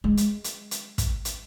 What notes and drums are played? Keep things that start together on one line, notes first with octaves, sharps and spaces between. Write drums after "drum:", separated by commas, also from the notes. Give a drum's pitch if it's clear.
G#3
drum: hi-hat
drum: hi-hat
drum: hi-hat
drum: kick, hi-hat
drum: hi-hat